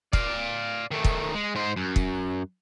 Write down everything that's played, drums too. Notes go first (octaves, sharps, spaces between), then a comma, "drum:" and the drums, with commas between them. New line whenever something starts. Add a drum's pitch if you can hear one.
D5 F5, drum: kick
D#3 A3
drum: kick
G#3
G#2 C5
F#2
drum: kick